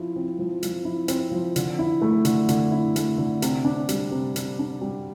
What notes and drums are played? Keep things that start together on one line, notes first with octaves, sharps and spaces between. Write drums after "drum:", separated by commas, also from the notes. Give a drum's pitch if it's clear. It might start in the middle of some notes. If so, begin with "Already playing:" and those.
Already playing: F3 E4
C4
F3
F3, drum: hi-hat
E4
C4, drum: hi-hat
F3
D3, drum: hi-hat
E4
A3
D3, drum: hi-hat
D3, drum: hi-hat
E4
A3, drum: hi-hat
D3
C3, drum: hi-hat
D4
G3, drum: hi-hat
C3
C3, drum: hi-hat
D4
G3